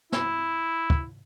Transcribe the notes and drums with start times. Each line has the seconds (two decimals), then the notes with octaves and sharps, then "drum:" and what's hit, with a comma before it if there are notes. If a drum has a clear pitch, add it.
0.12 E4, drum: snare
0.90 drum: kick